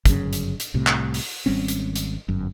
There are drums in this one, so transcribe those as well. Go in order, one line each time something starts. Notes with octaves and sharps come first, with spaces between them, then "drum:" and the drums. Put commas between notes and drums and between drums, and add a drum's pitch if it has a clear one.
G1 F#2 A2 C#3, drum: kick, hi-hat
drum: hi-hat
drum: hi-hat
C2 A2 C3
drum: clap
drum: open hi-hat
G#1 G3 C4 C#4
drum: hi-hat
drum: hi-hat
G1 F#2